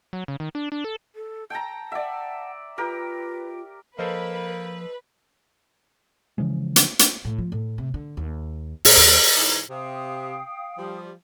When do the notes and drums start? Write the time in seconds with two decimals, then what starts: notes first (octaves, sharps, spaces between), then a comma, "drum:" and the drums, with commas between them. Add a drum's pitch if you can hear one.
0.13 F#3
0.28 C#3
0.40 D#3
0.55 D4
0.72 D4
0.84 A4
1.15 A4
1.50 G5 A5 A#5
1.92 D5 E5 F#5
2.78 F4 G4 A#4 B4
3.99 F3 A#3 A4 B4 C5 D#5
6.38 C#3 E3 F3 G#3
6.76 drum: hi-hat
6.99 drum: hi-hat
7.25 A2
7.38 F3
7.52 A2
7.78 C3
7.94 D3
8.17 D#2
8.85 G#2, drum: open hi-hat
8.97 D#2
9.37 G#2 E3
9.70 C3 F5 G5 D#6
10.77 F3 G3